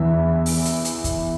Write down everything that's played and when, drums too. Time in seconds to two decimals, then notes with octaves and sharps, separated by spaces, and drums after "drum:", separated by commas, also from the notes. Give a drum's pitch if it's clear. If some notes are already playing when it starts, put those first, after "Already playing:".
Already playing: E2 E3 E5
0.46 drum: open hi-hat
0.65 drum: hi-hat
0.85 drum: hi-hat
1.04 drum: kick, hi-hat